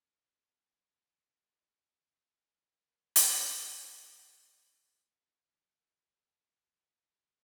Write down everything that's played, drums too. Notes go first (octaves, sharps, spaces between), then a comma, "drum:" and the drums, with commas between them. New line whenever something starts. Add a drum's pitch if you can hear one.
A#4
A#3 F#4 G#4
B4 D5 F5
C4 G#5 D6 F#6
F#4 A#4 B4 C#5
drum: hi-hat
A4 B4 C5 D5 B5 C#6
A#3 D#4 E5
C5 E5 F#5 G#5
C#5
D3 D#3
C#5 G5 A5
A#2